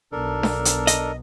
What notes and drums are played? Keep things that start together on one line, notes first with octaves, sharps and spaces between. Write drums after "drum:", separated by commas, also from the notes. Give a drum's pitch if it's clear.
B1 B2 D4 A4 A#4
drum: snare D4
drum: hi-hat
D#5, drum: hi-hat